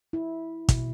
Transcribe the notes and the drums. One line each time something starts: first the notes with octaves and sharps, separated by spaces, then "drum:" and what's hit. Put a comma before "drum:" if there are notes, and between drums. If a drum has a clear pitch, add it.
E4
B2, drum: kick, hi-hat